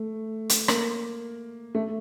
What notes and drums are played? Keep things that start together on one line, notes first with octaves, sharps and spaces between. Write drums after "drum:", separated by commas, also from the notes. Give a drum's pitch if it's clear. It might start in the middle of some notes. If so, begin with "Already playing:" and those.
Already playing: A3
drum: hi-hat
A#3, drum: rim click
A3